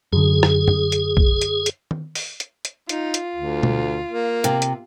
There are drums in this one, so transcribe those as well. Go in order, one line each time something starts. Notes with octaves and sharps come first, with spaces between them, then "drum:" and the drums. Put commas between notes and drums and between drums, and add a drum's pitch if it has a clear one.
F#2 D3 G#4
drum: rim click
drum: tom F#2
drum: hi-hat
drum: kick B1
drum: hi-hat
drum: hi-hat
drum: tom D#3
drum: open hi-hat
drum: hi-hat
drum: hi-hat
D#4 F4, drum: hi-hat
drum: hi-hat
D2
drum: tom B2
A#3
C3
drum: hi-hat